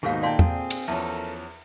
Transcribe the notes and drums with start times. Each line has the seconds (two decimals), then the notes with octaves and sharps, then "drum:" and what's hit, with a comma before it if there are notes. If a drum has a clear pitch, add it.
0.03 D#2 G#2 B2 D#3 D#4 G4 A4 F5
0.23 A#2 D5 F5 G5 A5 C6
0.39 C4 G#4 A4, drum: tom E2
0.70 drum: cymbal
0.88 E2 F3 C#4 A4 A#4 E5 A5